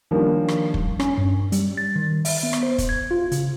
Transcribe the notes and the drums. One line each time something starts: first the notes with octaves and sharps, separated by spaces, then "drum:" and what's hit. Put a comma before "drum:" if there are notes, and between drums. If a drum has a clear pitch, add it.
D#3 F3 G3 A#3 C#4 D4
drum: rim click
drum: kick
C#4, drum: rim click
G2
G3, drum: hi-hat
A6
D#3
E5, drum: open hi-hat
B3
drum: rim click
C5
drum: kick, hi-hat
G#6
F4
C#3, drum: hi-hat